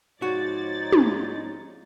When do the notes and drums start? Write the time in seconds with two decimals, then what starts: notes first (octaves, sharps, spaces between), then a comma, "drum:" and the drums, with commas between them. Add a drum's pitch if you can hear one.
0.22 G#2 F3 D#4 F#4 C#5 D5 A6
0.93 drum: tom